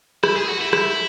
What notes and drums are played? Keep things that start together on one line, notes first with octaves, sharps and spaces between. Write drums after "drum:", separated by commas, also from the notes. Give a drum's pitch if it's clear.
E4, drum: rim click
G#4
F#4
E4
E4, drum: rim click